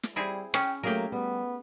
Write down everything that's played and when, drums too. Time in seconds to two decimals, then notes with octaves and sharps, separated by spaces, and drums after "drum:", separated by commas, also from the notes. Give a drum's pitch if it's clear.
0.03 drum: snare
0.16 G3 C4 E4 G#4
0.54 C#4 G5, drum: rim click
0.83 F#3 A3 A#3 G4 G#4 A#4
1.12 G3 B3